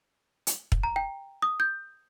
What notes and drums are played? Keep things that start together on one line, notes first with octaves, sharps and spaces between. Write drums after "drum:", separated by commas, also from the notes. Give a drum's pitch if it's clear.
drum: hi-hat
drum: kick
A#5
G5
D#6
G6